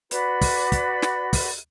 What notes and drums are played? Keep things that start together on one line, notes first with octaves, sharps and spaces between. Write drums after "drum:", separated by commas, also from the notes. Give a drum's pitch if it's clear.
F#4 B4 D5 B5, drum: hi-hat
drum: kick, open hi-hat
drum: kick, hi-hat
drum: snare
drum: kick, open hi-hat